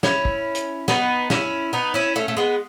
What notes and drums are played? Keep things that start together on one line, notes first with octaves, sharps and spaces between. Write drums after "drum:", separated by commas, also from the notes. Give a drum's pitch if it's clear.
C#4 E4, drum: snare
drum: kick
drum: hi-hat
B3 D#4, drum: snare
C#4 E4, drum: snare
B3 D#4
C#4 E4
A3 C#4
A3
G#3 B3